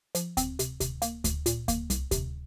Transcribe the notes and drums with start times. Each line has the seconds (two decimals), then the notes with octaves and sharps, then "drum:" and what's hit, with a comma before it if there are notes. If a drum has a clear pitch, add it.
0.15 F3, drum: hi-hat
0.37 C4, drum: kick D2, hi-hat
0.59 C3, drum: hi-hat
0.80 C3, drum: kick D2, hi-hat
1.02 A#3, drum: hi-hat
1.24 D2, drum: kick D2, hi-hat
1.46 A#2, drum: hi-hat
1.68 A#3, drum: kick D2, hi-hat
1.90 C2, drum: hi-hat
2.11 C3, drum: kick D2, hi-hat